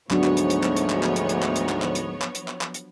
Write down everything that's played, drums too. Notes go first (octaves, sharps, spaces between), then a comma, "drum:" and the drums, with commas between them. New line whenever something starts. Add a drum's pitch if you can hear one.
D2 G#2 F3 F#3 B3 D4 F#4 C#5, drum: clap
drum: clap
drum: hi-hat
drum: hi-hat
drum: clap
drum: hi-hat
drum: clap
drum: clap
drum: hi-hat
drum: hi-hat
drum: clap
drum: hi-hat
drum: clap
drum: clap
drum: hi-hat
drum: clap
drum: hi-hat
drum: clap
drum: clap
drum: hi-hat